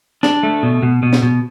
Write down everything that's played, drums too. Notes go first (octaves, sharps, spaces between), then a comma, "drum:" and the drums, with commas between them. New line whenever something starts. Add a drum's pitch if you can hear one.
D4, drum: snare
A3
B2
B2
B2
drum: snare
B2